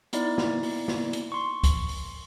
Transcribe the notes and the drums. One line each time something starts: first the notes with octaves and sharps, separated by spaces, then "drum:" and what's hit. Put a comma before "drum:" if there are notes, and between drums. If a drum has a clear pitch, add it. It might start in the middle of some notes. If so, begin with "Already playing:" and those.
B3 D#4 E4 D5, drum: hi-hat
drum: snare
drum: open hi-hat
drum: snare
drum: hi-hat
C6 C#6
drum: kick, hi-hat
drum: open hi-hat